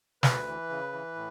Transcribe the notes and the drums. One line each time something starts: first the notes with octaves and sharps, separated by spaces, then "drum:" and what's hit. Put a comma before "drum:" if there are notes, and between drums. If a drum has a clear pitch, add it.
D2 B4, drum: snare
E3
C#3
E3
A2